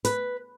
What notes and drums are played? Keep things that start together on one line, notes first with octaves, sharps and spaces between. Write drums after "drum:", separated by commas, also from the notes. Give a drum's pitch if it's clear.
B4, drum: hi-hat